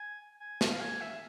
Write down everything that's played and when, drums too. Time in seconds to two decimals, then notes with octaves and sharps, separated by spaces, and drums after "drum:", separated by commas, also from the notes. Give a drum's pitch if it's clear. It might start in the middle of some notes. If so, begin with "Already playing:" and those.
Already playing: G#5
0.40 G#5
0.61 A5, drum: snare
0.72 F5
0.80 G#5
1.01 E5